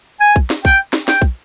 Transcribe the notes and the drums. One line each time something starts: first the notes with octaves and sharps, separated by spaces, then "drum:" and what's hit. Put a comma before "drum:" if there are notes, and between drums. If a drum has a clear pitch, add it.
G#5
drum: kick
drum: snare
G5, drum: kick
drum: snare
G5, drum: snare
drum: kick